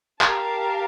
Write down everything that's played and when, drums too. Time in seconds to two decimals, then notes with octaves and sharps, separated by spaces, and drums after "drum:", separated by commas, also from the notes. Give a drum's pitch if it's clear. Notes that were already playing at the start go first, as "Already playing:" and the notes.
0.21 G4 A#4 F5 A5, drum: clap